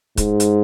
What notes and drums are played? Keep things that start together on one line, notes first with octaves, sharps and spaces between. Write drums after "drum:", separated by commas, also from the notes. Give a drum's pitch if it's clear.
G#2, drum: kick C#1, hi-hat
drum: hi-hat